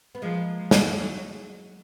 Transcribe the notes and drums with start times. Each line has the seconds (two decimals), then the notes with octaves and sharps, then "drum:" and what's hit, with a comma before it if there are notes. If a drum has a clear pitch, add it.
0.15 B3
0.22 F3 G#3 A#3
0.59 F3
0.71 drum: snare
0.96 F#3